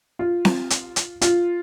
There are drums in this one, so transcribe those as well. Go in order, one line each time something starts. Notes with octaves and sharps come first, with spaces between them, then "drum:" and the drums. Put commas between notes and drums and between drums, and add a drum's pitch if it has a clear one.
F4
drum: snare C4
drum: hi-hat
drum: hi-hat
F4, drum: hi-hat